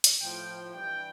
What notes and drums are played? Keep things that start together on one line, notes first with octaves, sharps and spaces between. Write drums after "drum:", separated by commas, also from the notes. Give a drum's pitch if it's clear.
drum: hi-hat
A2 F3 G5
G2 E3 G3 G5